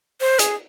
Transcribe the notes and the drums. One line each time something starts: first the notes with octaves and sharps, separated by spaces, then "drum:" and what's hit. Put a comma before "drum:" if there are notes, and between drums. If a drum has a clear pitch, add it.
C5
G#4, drum: hi-hat